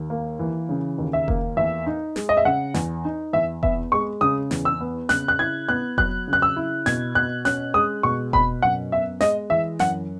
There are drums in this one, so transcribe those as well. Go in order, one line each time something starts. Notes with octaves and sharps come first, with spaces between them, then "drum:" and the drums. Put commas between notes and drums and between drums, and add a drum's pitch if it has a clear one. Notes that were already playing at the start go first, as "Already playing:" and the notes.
Already playing: D#2
A#3
E3
C#3
D#2
E5
A#3, drum: kick F1
E2 E5
D#4
G#3, drum: snare
D#5
E5
C#3 F#5
E2, drum: snare
D#4
E2 E5
B3 E5, drum: kick F1
G#3 C#6
C#3 D#6
E2, drum: snare
E6
B3
C#3 F#6, drum: snare
F#6
E4 G#6
B3 F#6
F#3 F#6, drum: kick F1
C#3
F#6
E6
E4
B2 G#6, drum: snare
B2 F#6
C#4 F#6, drum: snare
G#3 D#6
B2 C#6
B2 B5, drum: kick F1
F#2 F#5
B3 E5
G#3 D#5, drum: snare
E3 E5
F#2 F#5, drum: snare